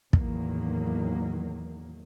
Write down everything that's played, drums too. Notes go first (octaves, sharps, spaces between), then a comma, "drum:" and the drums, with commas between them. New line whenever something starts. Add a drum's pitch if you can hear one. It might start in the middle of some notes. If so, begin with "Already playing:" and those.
E2 A2 D#3 F#3 A#3, drum: kick